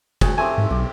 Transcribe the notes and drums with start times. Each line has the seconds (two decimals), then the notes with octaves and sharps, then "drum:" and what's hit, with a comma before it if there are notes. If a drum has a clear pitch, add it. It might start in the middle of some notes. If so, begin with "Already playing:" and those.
0.21 D2 G#4, drum: kick F1, cymbal
0.38 A3 C4 G4 G#5
0.58 G#2
0.71 B1 G4